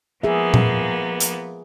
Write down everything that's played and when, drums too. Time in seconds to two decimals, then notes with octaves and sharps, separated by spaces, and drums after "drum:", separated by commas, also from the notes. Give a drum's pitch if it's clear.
0.23 F3 A#3 B3 G#4 E5
0.54 drum: tom A#2
1.20 drum: hi-hat